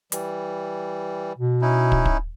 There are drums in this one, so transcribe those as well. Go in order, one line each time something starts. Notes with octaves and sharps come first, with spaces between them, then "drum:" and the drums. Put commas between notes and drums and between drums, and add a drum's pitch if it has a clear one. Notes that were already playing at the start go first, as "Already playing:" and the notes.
E3 G3, drum: hi-hat
B2
C#4 D#4 E4
drum: kick
drum: kick